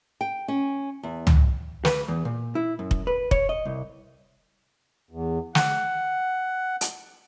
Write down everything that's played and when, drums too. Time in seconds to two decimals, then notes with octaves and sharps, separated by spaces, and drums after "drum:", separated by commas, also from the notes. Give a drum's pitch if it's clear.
0.21 G5
0.48 C#4
1.03 E2
1.27 drum: tom C#2
1.85 B4, drum: snare
2.08 E2
2.25 A#2
2.55 E4
2.79 F#2
2.91 drum: kick
3.07 B4
3.31 C#5, drum: kick
3.49 D#5
3.65 C2
5.11 E2
5.55 F#5, drum: snare
6.81 drum: hi-hat